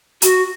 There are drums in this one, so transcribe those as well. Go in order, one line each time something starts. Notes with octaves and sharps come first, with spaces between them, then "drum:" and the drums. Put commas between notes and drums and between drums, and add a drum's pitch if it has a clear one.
F#4, drum: hi-hat